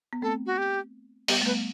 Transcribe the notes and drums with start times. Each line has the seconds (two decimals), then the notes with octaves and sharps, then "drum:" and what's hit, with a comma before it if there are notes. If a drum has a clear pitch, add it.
0.13 B3
0.22 A3 C4 A4
0.46 F#4
0.58 G4
1.28 G3 B3 G4, drum: open hi-hat
1.41 A3
1.46 G3 B3 B4